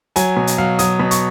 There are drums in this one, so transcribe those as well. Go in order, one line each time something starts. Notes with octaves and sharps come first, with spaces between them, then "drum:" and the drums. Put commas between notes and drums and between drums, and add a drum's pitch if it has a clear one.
F#3 G#5, drum: hi-hat
B2
drum: hi-hat
F#3 F5
F#3 D#6, drum: hi-hat
B2
C#6, drum: hi-hat